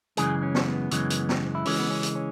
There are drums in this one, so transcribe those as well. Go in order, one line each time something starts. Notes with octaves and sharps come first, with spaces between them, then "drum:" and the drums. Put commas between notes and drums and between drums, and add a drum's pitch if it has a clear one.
F#2 C#3 E3 G#3 G#4, drum: hi-hat
C#4
drum: snare
B3
F#2 C#3 E3 G#3, drum: hi-hat
drum: hi-hat
drum: snare
E4
C#2 C#3 E3 G#3 C#4, drum: open hi-hat
B3
C#4
drum: hi-hat
C#4